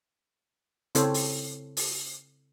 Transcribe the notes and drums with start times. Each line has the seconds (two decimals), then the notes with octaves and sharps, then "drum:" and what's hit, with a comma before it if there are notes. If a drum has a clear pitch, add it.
0.95 C#3 C4 E4 A4 C5 C#5, drum: hi-hat
1.14 drum: open hi-hat
1.77 drum: open hi-hat